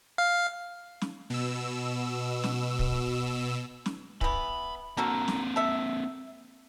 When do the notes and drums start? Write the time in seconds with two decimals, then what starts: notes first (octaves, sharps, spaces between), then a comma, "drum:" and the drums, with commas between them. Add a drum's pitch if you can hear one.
0.18 F5
1.01 drum: snare
1.30 B2 E6
2.44 drum: snare
2.79 drum: kick
3.86 drum: snare
4.21 E3 B3 B5, drum: kick
4.97 D3 A#3 C4 F#4 A#4
5.28 drum: snare
5.56 A4 E5